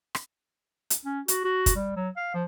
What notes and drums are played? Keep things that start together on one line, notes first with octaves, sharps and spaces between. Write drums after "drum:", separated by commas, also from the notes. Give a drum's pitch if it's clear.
drum: rim click
drum: hi-hat
C#4
F#4, drum: hi-hat
F#4
drum: kick, hi-hat
G3
F#3
F5
F3